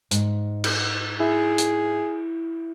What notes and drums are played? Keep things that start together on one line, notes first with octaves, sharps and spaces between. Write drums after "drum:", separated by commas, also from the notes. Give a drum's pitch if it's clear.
G#2, drum: hi-hat
drum: cymbal
E4 G#4
drum: hi-hat